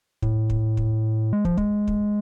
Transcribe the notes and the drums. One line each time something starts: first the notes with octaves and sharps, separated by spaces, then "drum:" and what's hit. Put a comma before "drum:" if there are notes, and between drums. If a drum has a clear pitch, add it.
A2, drum: kick
drum: kick
drum: kick
G#3
F3, drum: kick
G#3, drum: kick
drum: kick